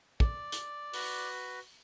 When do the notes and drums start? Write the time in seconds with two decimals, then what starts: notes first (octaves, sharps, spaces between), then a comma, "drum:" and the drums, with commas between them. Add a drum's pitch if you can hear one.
0.20 D5, drum: kick
0.52 drum: hi-hat
0.93 F#4 B4, drum: open hi-hat